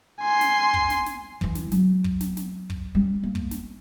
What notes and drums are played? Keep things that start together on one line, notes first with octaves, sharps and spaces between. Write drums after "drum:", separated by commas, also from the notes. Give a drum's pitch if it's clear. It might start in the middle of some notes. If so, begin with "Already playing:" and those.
G#5 C6
drum: snare
drum: kick
drum: snare
drum: snare
E3 E4, drum: kick
drum: snare
F#3, drum: snare
drum: kick
drum: snare
drum: snare
drum: kick
G3 C#4
A#3
drum: kick
drum: snare